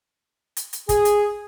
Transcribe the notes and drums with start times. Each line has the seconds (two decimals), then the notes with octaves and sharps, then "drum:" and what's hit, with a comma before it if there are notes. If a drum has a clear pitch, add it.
0.57 drum: hi-hat
0.73 drum: hi-hat
0.89 G#4, drum: kick, hi-hat
1.05 drum: hi-hat